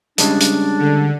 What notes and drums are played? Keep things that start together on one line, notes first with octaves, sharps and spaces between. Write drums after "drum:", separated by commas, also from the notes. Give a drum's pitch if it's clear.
C#3 G3 G#3 D4, drum: hi-hat
drum: hi-hat
D3